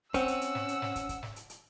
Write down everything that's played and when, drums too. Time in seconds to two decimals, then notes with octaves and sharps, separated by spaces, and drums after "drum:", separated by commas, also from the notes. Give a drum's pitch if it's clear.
0.14 C4 C#4 F#5 E6, drum: kick, hi-hat
0.28 drum: hi-hat
0.41 drum: hi-hat
0.55 drum: snare
0.68 drum: hi-hat
0.82 drum: snare
0.96 drum: kick, hi-hat
1.09 drum: kick, hi-hat
1.23 drum: snare
1.36 drum: hi-hat
1.50 drum: hi-hat